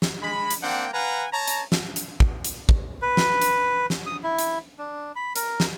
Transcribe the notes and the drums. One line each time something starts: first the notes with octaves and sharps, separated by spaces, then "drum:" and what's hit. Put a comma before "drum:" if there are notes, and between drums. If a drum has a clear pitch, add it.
drum: snare
G#3 B5
drum: hi-hat
A#3 C4 D4 F#5 G5
B4 F5 F#5 G#5 A#5
C#5 A5 A#5
drum: hi-hat
drum: snare
drum: hi-hat
drum: kick
drum: hi-hat
drum: kick
B4
drum: snare
drum: hi-hat
drum: snare
D#6
E4
drum: hi-hat
D4
B5
A#4, drum: hi-hat
drum: snare